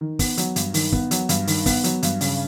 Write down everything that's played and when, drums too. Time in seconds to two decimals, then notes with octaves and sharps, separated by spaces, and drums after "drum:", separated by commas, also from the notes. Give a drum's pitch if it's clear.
0.01 D#3
0.19 B3, drum: kick, open hi-hat
0.37 F#3, drum: hi-hat
0.56 G2, drum: hi-hat
0.74 D#3, drum: open hi-hat
0.92 B3, drum: kick
1.11 F#3, drum: hi-hat
1.29 G2, drum: hi-hat
1.47 D#3, drum: open hi-hat
1.66 B3, drum: kick, open hi-hat
1.84 F#3, drum: hi-hat
2.03 G2, drum: hi-hat
2.21 C#3, drum: open hi-hat